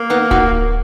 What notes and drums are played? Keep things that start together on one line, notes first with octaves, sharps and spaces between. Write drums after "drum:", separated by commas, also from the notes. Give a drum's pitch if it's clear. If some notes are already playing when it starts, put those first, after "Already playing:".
Already playing: A#3
B3 D#4
D#4 F#4, drum: kick D1